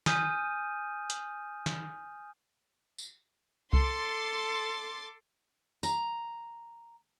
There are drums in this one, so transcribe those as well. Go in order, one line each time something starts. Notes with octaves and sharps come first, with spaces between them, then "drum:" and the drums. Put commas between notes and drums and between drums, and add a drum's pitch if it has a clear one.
G#5 D#6 F6 G6 D#7, drum: snare
drum: hi-hat
drum: snare
drum: tambourine
A4 C6 D6 A6, drum: kick C2
A#5, drum: tambourine